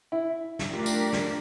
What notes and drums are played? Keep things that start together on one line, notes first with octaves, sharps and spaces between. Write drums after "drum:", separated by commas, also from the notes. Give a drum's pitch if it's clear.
E4
drum: snare
A3 D4 F4 G4 A#4
drum: tambourine
drum: snare